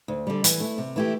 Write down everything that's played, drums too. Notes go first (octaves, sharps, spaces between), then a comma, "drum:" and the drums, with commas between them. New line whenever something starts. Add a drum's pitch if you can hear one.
D2
D3 G3
E3, drum: hi-hat
A3 E4
C3
E3 A3 E4 G4